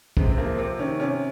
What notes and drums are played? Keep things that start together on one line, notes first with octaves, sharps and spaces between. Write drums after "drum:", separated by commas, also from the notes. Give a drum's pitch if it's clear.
C3 G#3, drum: kick
C4
F3 A#3
C3 C4
D#3 C#4
C3 C#4